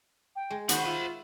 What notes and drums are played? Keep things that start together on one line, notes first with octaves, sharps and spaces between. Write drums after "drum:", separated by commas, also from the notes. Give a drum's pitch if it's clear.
G5
G#3
D#3 F#4 C5 F#5 B5, drum: hi-hat
F4 E5